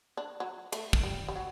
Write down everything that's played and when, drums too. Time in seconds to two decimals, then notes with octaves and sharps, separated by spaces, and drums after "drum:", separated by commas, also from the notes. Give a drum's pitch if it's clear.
0.17 D4
0.40 F#3
0.72 A3, drum: cymbal
0.93 drum: kick
1.03 G3
1.28 G3
1.36 F#3